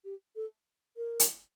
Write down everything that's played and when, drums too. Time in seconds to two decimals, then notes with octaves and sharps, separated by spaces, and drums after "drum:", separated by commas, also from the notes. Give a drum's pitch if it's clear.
0.05 G4
0.36 A4
0.97 A#4
1.20 drum: hi-hat